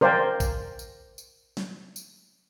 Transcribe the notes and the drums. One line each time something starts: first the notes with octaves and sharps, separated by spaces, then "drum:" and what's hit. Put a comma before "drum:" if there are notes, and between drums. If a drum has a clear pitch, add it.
A#4 C5 D5 F5 G5 G#5, drum: tom
drum: kick A1, tambourine
drum: tambourine
drum: tambourine
drum: snare
drum: tambourine